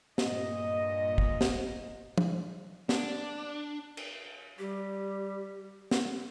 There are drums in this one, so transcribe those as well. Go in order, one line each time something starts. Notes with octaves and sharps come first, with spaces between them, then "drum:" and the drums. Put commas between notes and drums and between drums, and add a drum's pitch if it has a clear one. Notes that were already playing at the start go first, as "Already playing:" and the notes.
G2 A#2 D#5, drum: snare
drum: kick
drum: snare
drum: tom
D4, drum: snare
drum: cymbal
G3 G4
drum: snare